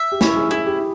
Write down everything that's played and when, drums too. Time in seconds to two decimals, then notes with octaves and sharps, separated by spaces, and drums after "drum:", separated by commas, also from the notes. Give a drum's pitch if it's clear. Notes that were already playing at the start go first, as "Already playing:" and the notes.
Already playing: E5
0.12 G4
0.21 C#4 E4, drum: snare
0.36 G#4
0.51 E4 G#4
0.66 G4